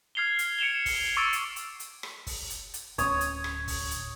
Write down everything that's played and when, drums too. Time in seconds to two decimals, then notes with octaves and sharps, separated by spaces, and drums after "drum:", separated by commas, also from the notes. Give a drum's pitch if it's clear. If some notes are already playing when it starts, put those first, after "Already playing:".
0.15 F6 G#6 C7 F7 G7
0.39 drum: hi-hat
0.59 C#7 D7 E7 F7 G7
0.86 drum: kick, open hi-hat
1.17 C#6 D6 E6 A6 C7 D7
1.33 drum: hi-hat
1.56 drum: hi-hat
1.80 drum: hi-hat
2.03 drum: rim click
2.27 drum: kick, open hi-hat
2.50 drum: hi-hat
2.74 drum: hi-hat
2.98 D1 C#4 C#5 D#6, drum: hi-hat
3.21 drum: hi-hat
3.44 drum: rim click
3.68 drum: kick, open hi-hat
3.91 drum: hi-hat